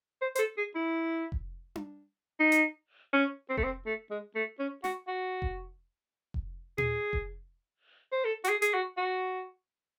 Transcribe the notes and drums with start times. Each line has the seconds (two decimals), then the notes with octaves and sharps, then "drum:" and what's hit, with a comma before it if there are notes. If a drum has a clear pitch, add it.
0.22 C5
0.35 C5, drum: hi-hat
0.39 A4
0.58 G#4
0.75 E4
1.32 drum: kick F1
1.75 drum: tom D4
2.40 D#4
2.52 drum: hi-hat
3.13 C#4
3.50 C4
3.57 A3, drum: kick F1
3.64 C4
3.86 A3
4.11 G#3
4.36 A3
4.60 C#4
4.84 F#4, drum: snare
5.08 F#4
5.42 drum: kick F1
6.34 drum: kick F1
6.78 G#4, drum: tom A#2
7.13 drum: kick F1
8.12 C5
8.25 A4
8.44 F#4, drum: hi-hat
8.49 G#4
8.62 G#4, drum: hi-hat
8.74 F#4
8.98 F#4